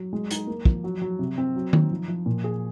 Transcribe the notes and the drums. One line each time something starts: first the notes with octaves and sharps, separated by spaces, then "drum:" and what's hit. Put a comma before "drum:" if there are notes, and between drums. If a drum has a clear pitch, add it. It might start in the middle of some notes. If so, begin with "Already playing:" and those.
Already playing: F#3
G#3
D#4, drum: hi-hat
A#3
F3, drum: kick
F#3
F#3
C3
C4
F#3
D#4, drum: tom D#3
F3
F3
A#2
G#4